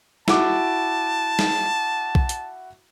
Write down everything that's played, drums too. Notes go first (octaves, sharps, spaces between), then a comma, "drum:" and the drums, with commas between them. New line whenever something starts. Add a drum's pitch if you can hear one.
E4 F#4 A5 D6, drum: snare
drum: snare
drum: kick B1
drum: hi-hat